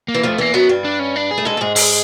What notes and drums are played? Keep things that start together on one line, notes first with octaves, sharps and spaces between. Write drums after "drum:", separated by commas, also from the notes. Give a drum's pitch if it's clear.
A#3
E3
F2 F3 A3
E2 E3 A#3
F#2 F#3 B3
G2 G3
D4
C#4
D4
G#4
A3
G#2 G#3 A4
A3
G#2 G#3 G#4
G#4, drum: open hi-hat